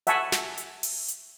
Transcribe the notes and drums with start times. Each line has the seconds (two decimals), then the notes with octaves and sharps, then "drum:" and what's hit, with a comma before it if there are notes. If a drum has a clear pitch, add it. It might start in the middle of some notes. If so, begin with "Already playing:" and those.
0.07 E5 F#5 G#5 A5 C#6, drum: hi-hat
0.32 drum: snare
0.58 drum: hi-hat
0.83 drum: open hi-hat
1.08 drum: hi-hat